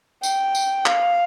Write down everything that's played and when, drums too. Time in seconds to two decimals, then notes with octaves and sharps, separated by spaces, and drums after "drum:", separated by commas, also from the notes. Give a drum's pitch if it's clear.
0.23 G5, drum: tambourine
0.55 drum: tambourine
0.86 F5, drum: clap